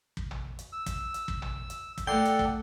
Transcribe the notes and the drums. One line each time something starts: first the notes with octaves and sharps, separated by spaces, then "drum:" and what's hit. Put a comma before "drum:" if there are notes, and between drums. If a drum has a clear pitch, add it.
drum: kick
drum: tom
drum: hi-hat
E6
drum: kick, hi-hat
drum: hi-hat
drum: kick
drum: tom
drum: hi-hat
drum: kick, hi-hat
A2 A4 D5 F#5 G5 C6
drum: hi-hat
drum: kick